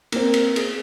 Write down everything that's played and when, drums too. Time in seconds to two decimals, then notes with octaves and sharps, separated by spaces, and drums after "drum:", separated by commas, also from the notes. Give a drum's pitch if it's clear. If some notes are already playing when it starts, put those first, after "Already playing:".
0.12 A#3 C4, drum: cymbal
0.34 drum: cymbal
0.56 G#4, drum: cymbal